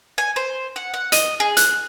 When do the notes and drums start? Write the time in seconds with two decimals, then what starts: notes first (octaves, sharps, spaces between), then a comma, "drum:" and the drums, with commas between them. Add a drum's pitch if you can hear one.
0.18 G#5
0.36 C5
0.76 F#5
0.94 F#5
1.12 D#5, drum: hi-hat
1.40 G#4
1.57 F#6, drum: hi-hat